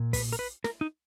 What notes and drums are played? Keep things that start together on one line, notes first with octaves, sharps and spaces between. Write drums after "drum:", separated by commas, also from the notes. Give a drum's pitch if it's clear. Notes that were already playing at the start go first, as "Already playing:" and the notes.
Already playing: A#2
B4, drum: kick, open hi-hat
A#4, drum: hi-hat
B4
A#4, drum: snare
D#4